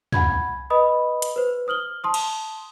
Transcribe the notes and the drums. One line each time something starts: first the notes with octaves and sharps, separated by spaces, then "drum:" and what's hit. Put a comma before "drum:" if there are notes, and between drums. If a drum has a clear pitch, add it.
F#5 G#5 B5 G6 G#6, drum: tom
B4 D#5 B5 D#6
drum: hi-hat
B4 C5
C5 D#6 F6 F#7 G7
A5 C6 D#6
drum: cymbal